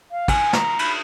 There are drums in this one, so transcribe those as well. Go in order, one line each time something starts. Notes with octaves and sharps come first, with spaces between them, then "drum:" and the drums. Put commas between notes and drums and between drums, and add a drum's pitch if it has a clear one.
F5
G#5, drum: kick, cymbal
A#5, drum: snare
B5, drum: cymbal